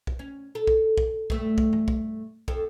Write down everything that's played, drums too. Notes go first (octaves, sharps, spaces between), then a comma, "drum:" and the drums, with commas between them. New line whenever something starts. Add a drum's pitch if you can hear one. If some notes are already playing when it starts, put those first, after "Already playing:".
drum: kick
C#4
A4
drum: kick
drum: kick
G2 A3, drum: kick
drum: kick
drum: tom G2
drum: kick
F2 A4, drum: kick